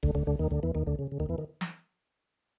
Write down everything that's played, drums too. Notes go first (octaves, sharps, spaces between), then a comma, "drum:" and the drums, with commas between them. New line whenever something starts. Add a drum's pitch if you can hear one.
D2 D3, drum: kick D1
D2 D3
D2 D3
D#2 D#3
D2 D3
E2 E3
D#2 D#3
D2 D3
C#3
C#3
D#2 D#3
E2 E3
D#3
drum: snare